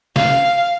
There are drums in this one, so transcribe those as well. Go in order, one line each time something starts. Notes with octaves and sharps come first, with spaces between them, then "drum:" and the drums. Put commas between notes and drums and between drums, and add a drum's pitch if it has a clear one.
F5, drum: snare